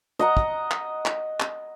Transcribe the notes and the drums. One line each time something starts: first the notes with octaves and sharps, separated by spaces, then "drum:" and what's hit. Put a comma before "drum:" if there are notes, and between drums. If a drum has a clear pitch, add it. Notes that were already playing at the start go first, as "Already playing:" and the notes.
D#5 F#5 A#5
drum: kick
drum: clap
drum: clap
drum: clap